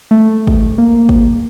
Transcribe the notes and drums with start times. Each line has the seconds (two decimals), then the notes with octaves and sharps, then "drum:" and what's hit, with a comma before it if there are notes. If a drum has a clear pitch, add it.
0.11 A3
0.47 drum: kick
0.78 A#3
1.09 drum: kick